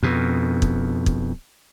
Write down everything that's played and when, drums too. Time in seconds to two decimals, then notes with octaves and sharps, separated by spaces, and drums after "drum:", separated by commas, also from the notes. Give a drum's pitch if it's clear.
0.03 F2 B2
0.62 drum: kick
1.06 drum: kick